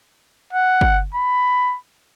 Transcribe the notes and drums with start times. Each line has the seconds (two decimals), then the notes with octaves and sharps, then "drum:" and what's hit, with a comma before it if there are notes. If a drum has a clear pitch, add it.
0.53 F#5
0.81 drum: kick
1.14 B5